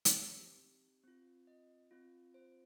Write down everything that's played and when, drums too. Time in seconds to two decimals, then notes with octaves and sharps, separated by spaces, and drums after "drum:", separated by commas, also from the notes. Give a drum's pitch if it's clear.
0.05 drum: hi-hat
0.16 C4 D#4 G4 C5
1.04 C4 F4
1.47 D#5
1.91 C4 F4
2.34 C5